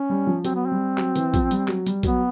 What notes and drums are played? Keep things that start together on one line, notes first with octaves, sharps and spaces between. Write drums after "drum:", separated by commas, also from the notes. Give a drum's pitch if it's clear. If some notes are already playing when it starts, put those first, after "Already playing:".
Already playing: C#4
G3
F3
F#3 C4, drum: hi-hat
B3
C4
G3
F#3, drum: clap
E3, drum: hi-hat
F3, drum: kick, hi-hat
G3, drum: hi-hat
F#3, drum: clap
G3, drum: hi-hat
F#3 B3, drum: kick, hi-hat